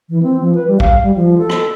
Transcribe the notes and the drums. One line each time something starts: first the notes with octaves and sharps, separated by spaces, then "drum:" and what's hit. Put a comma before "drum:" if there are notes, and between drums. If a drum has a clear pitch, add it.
E3
C4
F3
B4
G3
F5, drum: kick
G3
F3
A4
drum: rim click